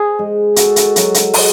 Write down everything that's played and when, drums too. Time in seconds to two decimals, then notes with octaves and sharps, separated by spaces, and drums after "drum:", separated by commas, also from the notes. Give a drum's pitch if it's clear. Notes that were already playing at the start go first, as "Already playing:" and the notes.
Already playing: G#4 C5
0.19 G#3
0.56 F#4 A4, drum: hi-hat
0.76 drum: hi-hat
0.96 F#3, drum: hi-hat
1.14 drum: hi-hat
1.34 G#3, drum: open hi-hat